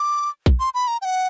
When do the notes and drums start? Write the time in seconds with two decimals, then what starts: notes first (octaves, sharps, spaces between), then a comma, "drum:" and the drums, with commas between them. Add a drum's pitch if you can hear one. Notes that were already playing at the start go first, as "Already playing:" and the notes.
Already playing: D6
0.46 drum: kick A#1
0.60 C6
0.74 B5
0.87 A#5
1.02 G5
1.05 F#5